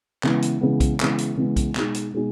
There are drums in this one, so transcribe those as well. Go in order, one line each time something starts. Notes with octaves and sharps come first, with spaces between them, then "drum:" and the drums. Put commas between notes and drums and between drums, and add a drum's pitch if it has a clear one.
C#3 E3 G#3 B3, drum: clap
drum: hi-hat
C#3 E3 G#3 B3
drum: kick B1, hi-hat
C#3 E3 G#3 B3, drum: clap
drum: hi-hat
C#3 E3 G#3 B3
drum: kick B1, hi-hat
B2 G#3 D#4 G#4, drum: clap
drum: hi-hat
B2 G#3 D#4 G#4